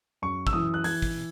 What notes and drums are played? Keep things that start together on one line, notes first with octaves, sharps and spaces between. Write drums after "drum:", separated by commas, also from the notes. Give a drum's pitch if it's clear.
F#2 C#6
E6, drum: kick
E3 D#6
F#6
E3 G#6, drum: open hi-hat
drum: kick